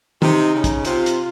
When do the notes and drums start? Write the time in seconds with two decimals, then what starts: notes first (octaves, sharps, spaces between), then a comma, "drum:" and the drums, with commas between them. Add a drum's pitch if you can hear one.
0.22 C3 D#4, drum: tom
0.54 C#3
0.64 drum: kick, hi-hat
0.85 C3 F4, drum: hi-hat
1.06 drum: hi-hat